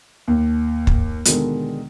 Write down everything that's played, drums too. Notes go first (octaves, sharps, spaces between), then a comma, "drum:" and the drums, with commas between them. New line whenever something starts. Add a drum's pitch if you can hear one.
D#2
drum: kick
B2 D3 D#3 G#3, drum: hi-hat